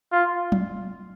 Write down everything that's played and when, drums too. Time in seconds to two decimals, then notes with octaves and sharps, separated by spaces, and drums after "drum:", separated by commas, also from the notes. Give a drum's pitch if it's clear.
0.12 F4
0.52 drum: tom